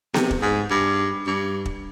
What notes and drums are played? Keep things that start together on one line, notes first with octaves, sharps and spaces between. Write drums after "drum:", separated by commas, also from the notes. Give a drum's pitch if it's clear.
C3, drum: snare B3
drum: kick
G#2
G2
G2
drum: kick